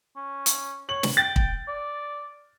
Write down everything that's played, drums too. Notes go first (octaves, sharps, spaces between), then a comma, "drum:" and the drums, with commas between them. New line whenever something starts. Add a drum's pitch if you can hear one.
C#4
drum: hi-hat
C#5 F#7
drum: snare
G5 A6
drum: kick
D5